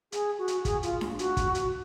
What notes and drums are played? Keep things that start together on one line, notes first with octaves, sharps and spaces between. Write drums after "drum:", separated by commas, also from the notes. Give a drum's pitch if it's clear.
G#4, drum: hi-hat
F#4
drum: hi-hat
G#4, drum: kick, hi-hat
F4, drum: hi-hat
drum: snare D4
F#4, drum: hi-hat
drum: kick, hi-hat
drum: hi-hat